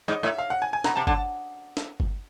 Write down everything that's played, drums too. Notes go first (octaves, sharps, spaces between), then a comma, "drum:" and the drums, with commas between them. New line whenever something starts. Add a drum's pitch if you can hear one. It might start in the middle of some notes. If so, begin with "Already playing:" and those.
G#2 D#5
A2 E5
F5
F#5
G#5
G#5
B2 A#5, drum: snare
C3 A5
D3 A5, drum: kick G1
drum: snare
drum: kick G1